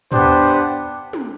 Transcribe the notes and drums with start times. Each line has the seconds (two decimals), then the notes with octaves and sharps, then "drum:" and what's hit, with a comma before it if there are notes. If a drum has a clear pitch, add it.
0.12 B3 D4 G4 C5, drum: tom
1.13 drum: tom